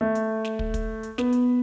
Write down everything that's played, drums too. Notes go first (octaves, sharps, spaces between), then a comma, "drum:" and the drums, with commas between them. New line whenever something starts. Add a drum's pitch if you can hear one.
A3
drum: hi-hat
drum: snare
drum: kick
drum: kick, hi-hat
drum: hi-hat
B3, drum: snare
drum: hi-hat